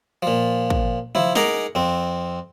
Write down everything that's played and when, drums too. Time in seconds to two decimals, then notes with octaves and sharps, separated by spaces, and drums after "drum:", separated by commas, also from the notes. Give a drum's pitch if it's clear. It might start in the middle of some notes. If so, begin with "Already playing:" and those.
0.23 A#2 F3
0.70 drum: kick
1.15 F3 E4, drum: tom
1.35 D#4 G#4 A#4 F#5 A#5 D6, drum: snare
1.75 F2 C4